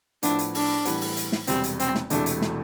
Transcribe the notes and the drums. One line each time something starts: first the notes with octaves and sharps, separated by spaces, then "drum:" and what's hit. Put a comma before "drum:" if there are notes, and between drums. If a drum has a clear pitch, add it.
A2 F3 B3 D4 E4, drum: hi-hat
drum: hi-hat
D4, drum: open hi-hat
A2 E3 G3 B3, drum: hi-hat
drum: open hi-hat
drum: hi-hat
drum: snare
E1 E2 C3 G3 C4, drum: hi-hat
drum: hi-hat
C4, drum: hi-hat
drum: snare
E1 E2 C3 E3 A3 D4, drum: hi-hat
drum: hi-hat
drum: snare